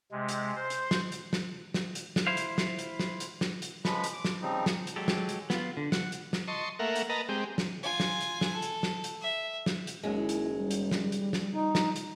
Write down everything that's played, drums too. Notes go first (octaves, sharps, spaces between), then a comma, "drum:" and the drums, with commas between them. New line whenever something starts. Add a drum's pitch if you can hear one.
C3 G#3
drum: hi-hat
C5
drum: hi-hat
drum: snare
drum: hi-hat
drum: snare
drum: snare
drum: hi-hat
drum: snare
E4 C5 F5
drum: hi-hat
drum: snare
drum: hi-hat
drum: snare
drum: hi-hat
drum: snare
drum: hi-hat
C#3 F3 G#3 B4 B5, drum: snare
drum: hi-hat
D6
drum: snare
C#3 F3 G3 C4 D#4
drum: snare
drum: hi-hat
F#3 G#3 G4 A4
drum: snare
drum: hi-hat
B3 F4, drum: snare
D3
F#5, drum: snare
drum: hi-hat
drum: snare
D#5 A5 C6 C#6
A3 A#3 A#4 E5 F#5
drum: hi-hat
A#4 B4 D#5 A5 A#5
G#3 C4 G4
drum: snare
F4 G#5
drum: snare
drum: hi-hat
drum: snare
A4
drum: hi-hat
drum: snare
drum: hi-hat
E5
drum: snare
drum: hi-hat
F#1 D#2 F#3 G#3
E4
drum: hi-hat
G3
drum: hi-hat
drum: snare
drum: hi-hat
drum: snare
D#4
drum: snare
drum: hi-hat